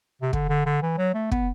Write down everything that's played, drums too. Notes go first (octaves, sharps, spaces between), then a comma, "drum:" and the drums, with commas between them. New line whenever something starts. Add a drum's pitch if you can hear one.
C3
D3, drum: kick
D3
D3
E3
F#3
A3
B3, drum: kick